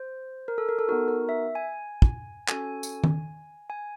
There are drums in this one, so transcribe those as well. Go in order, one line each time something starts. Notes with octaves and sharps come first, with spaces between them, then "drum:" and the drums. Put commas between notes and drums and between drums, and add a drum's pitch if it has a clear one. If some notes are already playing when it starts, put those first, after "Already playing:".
Already playing: C5
A#4
A4
A#4
A4
B3 D#4 F#4 A#4
A#4
E5
G#5
drum: kick
C#4 F#4 A4 G#5, drum: clap
drum: tambourine
drum: tom D#3
G#5